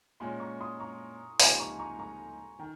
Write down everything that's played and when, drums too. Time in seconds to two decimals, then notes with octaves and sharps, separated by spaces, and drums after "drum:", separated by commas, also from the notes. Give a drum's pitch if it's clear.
0.20 A#2 G#3 C#4 G#5 C6
0.40 A#5 C#6
0.60 C6 D#6
0.80 A#5 C#6
1.40 C#2 C3 F3 A#3 D#4 G#5 C6, drum: open hi-hat
1.59 A#5 C#6
1.79 A#5 C#6
1.99 A#5 C#6
2.59 D#3 G5 A#5